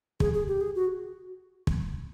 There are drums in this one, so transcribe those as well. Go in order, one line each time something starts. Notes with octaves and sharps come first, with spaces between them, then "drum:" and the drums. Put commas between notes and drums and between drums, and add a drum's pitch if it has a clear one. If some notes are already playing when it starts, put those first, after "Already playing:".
G#4, drum: kick
G#4
G4
G#4
F#4
drum: kick